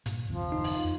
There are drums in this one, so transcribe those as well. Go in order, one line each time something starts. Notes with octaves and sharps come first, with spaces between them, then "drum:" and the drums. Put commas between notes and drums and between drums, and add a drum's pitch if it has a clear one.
G2 A#2, drum: hi-hat
F#1 D#2 F3 C4
D#4
drum: open hi-hat
F2